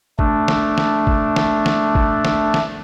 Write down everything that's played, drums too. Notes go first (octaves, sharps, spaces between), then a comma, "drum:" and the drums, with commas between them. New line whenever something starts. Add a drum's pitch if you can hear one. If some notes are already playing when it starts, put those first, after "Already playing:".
A3 D4, drum: kick G1
drum: snare
drum: snare
drum: kick G1
drum: snare
drum: snare
drum: kick G1
drum: snare
drum: snare